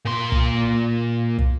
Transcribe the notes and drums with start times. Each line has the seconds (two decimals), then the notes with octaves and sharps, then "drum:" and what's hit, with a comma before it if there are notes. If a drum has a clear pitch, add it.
0.05 A#2 C6
0.32 drum: kick
1.38 drum: kick